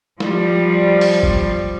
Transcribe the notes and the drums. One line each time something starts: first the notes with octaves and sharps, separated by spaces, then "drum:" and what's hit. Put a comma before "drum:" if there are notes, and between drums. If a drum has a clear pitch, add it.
F3 G3, drum: snare
drum: open hi-hat
drum: kick G1